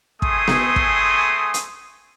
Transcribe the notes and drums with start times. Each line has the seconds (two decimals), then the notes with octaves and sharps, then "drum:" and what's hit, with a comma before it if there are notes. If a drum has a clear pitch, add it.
0.22 A3 C4 G#4 G#5 C6 D#6, drum: kick
0.48 drum: snare B3
0.76 drum: kick
1.54 drum: hi-hat